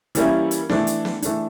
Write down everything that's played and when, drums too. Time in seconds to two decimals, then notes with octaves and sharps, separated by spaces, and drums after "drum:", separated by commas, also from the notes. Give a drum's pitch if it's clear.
0.15 E3 G3 A#3 C#4 E4, drum: hi-hat
0.51 drum: hi-hat
0.69 E3 A3 D4, drum: snare
0.87 drum: hi-hat
1.05 drum: snare
1.22 E3 A3 D4, drum: hi-hat